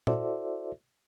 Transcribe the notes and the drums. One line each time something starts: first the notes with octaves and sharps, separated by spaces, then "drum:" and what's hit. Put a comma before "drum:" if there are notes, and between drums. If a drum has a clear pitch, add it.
E4 F#4 A4 C5 D5 E5, drum: tom